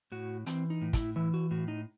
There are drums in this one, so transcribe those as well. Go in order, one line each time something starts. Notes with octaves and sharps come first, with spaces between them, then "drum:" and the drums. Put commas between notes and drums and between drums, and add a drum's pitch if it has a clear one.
A2 F#4
E3 C4, drum: hi-hat
D#4
A2
E4, drum: kick, hi-hat
E3 E4
F#4
A2 F#4
D#4